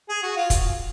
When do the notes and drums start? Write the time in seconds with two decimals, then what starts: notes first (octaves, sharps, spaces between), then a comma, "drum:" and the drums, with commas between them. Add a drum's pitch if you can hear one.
0.09 G#4
0.23 F#4
0.36 F4
0.50 drum: kick, hi-hat